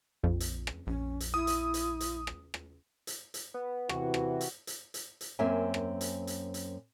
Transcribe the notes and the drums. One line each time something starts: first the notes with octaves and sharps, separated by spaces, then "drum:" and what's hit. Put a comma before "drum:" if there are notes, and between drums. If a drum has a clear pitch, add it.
A#1 F2
drum: hi-hat
drum: rim click
A#1 C#4
drum: hi-hat
E4 D#6
drum: hi-hat
drum: hi-hat
drum: hi-hat
drum: rim click
drum: rim click
drum: hi-hat
drum: hi-hat
B3
C3 E3 F#4, drum: rim click
drum: rim click
drum: hi-hat
drum: hi-hat
drum: hi-hat
drum: hi-hat
F#2 A#3 C4 E5 G#5
drum: rim click
drum: hi-hat
drum: hi-hat
drum: hi-hat